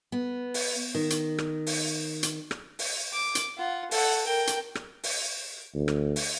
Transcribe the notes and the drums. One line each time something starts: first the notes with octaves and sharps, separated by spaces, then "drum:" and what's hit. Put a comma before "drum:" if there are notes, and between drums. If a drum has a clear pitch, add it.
B3
drum: open hi-hat
D#3
drum: hi-hat
drum: rim click
drum: open hi-hat
drum: hi-hat
drum: rim click
drum: open hi-hat
D6
drum: hi-hat
F4 F#5
A4 F#5, drum: open hi-hat
A#4 G5
drum: hi-hat
drum: rim click
drum: open hi-hat
D2
drum: rim click
drum: open hi-hat